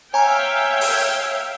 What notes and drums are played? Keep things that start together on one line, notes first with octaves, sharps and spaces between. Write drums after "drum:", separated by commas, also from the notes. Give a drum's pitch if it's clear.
C#5 E5 F5 G5 G#5 A#5
drum: open hi-hat